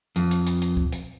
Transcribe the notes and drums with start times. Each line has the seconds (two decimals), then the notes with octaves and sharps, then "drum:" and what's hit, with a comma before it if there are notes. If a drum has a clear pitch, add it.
0.16 F2, drum: hi-hat
0.31 drum: hi-hat
0.46 drum: hi-hat
0.62 drum: hi-hat
0.77 drum: kick
0.92 drum: hi-hat